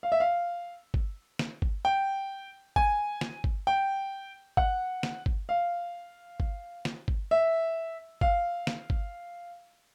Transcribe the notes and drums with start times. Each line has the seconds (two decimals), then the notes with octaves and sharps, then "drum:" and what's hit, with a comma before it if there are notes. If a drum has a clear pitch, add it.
0.03 F5
0.12 E5
0.20 F5
0.94 drum: kick G1
1.39 drum: snare
1.62 drum: kick G1
1.85 G5
2.76 G#5, drum: kick G1
3.21 drum: snare
3.44 drum: kick G1
3.67 G5
4.57 F#5, drum: kick G1
5.03 drum: snare
5.26 drum: kick G1
5.49 F5
6.40 drum: kick G1
6.85 drum: snare
7.08 drum: kick G1
7.31 E5
8.21 F5, drum: kick G1
8.67 drum: snare
8.90 drum: kick G1